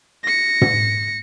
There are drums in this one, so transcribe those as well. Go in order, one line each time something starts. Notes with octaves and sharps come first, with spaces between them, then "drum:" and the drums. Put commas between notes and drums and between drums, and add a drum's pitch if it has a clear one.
A#6 C#7
drum: tom